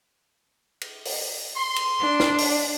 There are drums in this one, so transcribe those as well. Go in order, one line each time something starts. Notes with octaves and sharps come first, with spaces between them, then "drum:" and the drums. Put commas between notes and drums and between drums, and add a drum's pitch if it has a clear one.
drum: cymbal
drum: open hi-hat
C6
drum: cymbal
D4
drum: snare
drum: open hi-hat